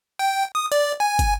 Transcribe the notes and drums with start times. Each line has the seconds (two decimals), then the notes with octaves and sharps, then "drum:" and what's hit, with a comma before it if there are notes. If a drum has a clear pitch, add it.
0.19 G5
0.55 D#6
0.72 D5, drum: hi-hat
1.00 G#5
1.19 drum: kick, hi-hat